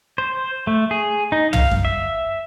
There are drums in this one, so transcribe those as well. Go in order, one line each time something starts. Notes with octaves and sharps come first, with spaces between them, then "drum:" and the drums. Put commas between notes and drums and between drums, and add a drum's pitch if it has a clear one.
C5
A3
G#4
D#4
F5, drum: tom
drum: kick F#2
E5